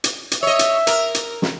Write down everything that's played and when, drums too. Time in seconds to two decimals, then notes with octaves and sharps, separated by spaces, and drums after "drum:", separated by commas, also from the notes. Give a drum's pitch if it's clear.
0.04 drum: hi-hat
0.31 drum: hi-hat
0.43 C#5 D#5 E5
0.59 drum: hi-hat
0.87 A#4, drum: hi-hat
1.15 drum: hi-hat
1.42 drum: snare